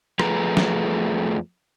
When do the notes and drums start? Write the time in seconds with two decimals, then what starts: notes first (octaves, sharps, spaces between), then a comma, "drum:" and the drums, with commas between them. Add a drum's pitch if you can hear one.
0.19 F2 F3 A3 G#4 B4 A#5, drum: rim click
0.57 drum: snare